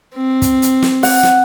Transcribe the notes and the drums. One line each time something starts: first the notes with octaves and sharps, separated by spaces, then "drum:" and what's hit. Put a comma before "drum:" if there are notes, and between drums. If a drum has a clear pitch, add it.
C4
drum: kick, hi-hat
drum: hi-hat
drum: snare
F#5, drum: open hi-hat
drum: snare